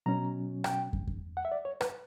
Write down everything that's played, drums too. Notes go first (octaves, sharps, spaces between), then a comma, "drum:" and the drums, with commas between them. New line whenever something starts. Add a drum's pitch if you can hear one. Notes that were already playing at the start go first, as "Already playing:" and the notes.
B2 F#3 C#4 A#5
G5, drum: rim click
drum: kick
drum: kick
F#5
E5
D5
C#5
B4, drum: rim click